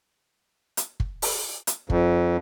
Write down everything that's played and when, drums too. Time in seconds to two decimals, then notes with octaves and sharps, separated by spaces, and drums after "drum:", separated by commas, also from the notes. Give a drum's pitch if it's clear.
0.77 drum: hi-hat
1.00 drum: kick
1.22 drum: open hi-hat
1.67 drum: hi-hat
1.90 F2, drum: kick